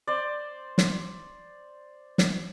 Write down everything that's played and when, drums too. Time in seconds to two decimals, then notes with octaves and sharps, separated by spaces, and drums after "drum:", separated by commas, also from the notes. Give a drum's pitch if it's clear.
0.07 C5 D5
0.78 drum: snare
2.18 drum: snare